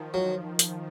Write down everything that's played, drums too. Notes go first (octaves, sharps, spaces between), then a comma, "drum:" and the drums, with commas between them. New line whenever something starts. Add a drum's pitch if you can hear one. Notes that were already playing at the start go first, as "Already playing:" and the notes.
Already playing: D#3 F3
F#3
drum: hi-hat